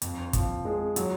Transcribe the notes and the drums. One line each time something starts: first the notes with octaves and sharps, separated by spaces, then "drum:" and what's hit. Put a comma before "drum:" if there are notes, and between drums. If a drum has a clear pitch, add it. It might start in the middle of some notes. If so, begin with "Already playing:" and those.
F2, drum: hi-hat
F3, drum: kick, hi-hat
G#3
F#3, drum: hi-hat